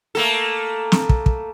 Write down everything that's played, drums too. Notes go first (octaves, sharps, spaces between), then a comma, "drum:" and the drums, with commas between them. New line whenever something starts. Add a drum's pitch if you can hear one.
A3 A#3 A4
drum: snare
drum: kick
drum: kick